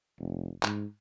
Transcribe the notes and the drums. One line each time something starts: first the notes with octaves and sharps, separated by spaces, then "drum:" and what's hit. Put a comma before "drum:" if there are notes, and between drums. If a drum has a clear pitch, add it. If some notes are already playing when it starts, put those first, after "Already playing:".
F1
G#2, drum: clap